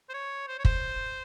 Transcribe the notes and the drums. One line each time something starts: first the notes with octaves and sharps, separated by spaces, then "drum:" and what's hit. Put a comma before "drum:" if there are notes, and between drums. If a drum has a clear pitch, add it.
C5
C#5
C5
C#5
C5, drum: kick